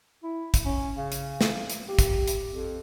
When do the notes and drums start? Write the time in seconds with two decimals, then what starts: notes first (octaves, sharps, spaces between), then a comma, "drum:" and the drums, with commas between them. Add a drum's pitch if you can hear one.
0.23 E4
0.54 drum: kick, hi-hat
0.65 C#4
0.97 C#3
1.12 drum: hi-hat
1.41 drum: snare
1.70 drum: hi-hat
1.88 G4
1.99 drum: kick, hi-hat
2.28 drum: hi-hat
2.50 F2